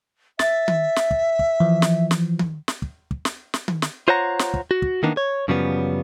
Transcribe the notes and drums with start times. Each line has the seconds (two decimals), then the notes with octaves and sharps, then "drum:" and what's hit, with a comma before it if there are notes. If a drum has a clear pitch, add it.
0.39 E5 A6, drum: snare
0.68 drum: tom D#3
0.96 drum: snare
1.11 drum: kick
1.39 drum: kick
1.60 E3 F3
1.82 drum: snare
2.11 drum: snare
2.39 drum: tom D#3
2.68 drum: snare
2.82 drum: kick
3.11 drum: kick
3.25 drum: snare
3.54 drum: snare
3.68 drum: tom D#3
3.82 drum: snare
4.08 F4 C5 C#5 F#5 A#5
4.39 drum: snare
4.54 drum: kick
4.71 F#4
4.82 drum: kick
5.03 D#3 E3 A#3 B3 D4 D#4
5.17 C#5
5.48 F#2 C#3 F3 G3 B3